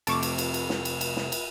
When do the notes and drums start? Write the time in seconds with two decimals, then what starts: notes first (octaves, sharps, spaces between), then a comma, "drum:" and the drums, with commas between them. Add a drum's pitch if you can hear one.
0.07 F2 C3 A3 A5 C#6 D6 D7, drum: cymbal
0.23 drum: cymbal
0.38 drum: cymbal
0.54 drum: cymbal
0.70 drum: snare
0.85 drum: cymbal
1.01 drum: cymbal
1.16 drum: snare
1.32 drum: cymbal